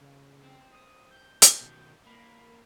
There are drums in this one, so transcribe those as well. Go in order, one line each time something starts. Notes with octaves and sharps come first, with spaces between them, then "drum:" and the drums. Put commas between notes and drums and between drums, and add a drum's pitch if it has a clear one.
C#3
C4
D#6
G6
drum: hi-hat
B2 D#3
A#3 B5